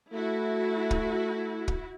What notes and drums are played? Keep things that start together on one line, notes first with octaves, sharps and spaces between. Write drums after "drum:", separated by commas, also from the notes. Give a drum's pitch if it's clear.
A3 E4 F#4
drum: kick
drum: kick